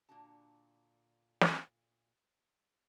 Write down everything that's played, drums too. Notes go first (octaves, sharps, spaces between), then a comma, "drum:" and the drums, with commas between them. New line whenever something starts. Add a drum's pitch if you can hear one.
A#2 D3 D4 F#4 A5
drum: snare